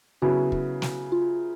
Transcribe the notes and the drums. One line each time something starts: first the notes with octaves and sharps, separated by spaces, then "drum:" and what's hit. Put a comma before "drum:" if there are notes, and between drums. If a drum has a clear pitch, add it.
C#3 F#3 B3 E4 F#4
drum: kick
drum: snare
F4